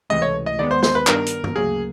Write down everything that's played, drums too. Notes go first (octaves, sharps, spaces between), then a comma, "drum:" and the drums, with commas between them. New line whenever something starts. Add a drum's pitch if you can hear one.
C#2 C3 E3 A3 D#5
C#5
D#5
D#2 D#3 G#3 B3 D5
C5
C5, drum: snare
B4
G2 D#3 G3 B3 D4 A#4, drum: clap
drum: hi-hat
drum: tom G2
D2 C#3 F#3 A#3 G#4